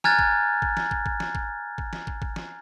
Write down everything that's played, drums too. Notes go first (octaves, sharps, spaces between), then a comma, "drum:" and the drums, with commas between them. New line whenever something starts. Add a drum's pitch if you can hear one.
G#5 A#5 F6 F#6 G#6 A6, drum: snare
drum: kick
drum: kick
drum: snare
drum: kick
drum: kick
drum: snare
drum: kick
drum: kick
drum: snare
drum: kick
drum: kick
drum: snare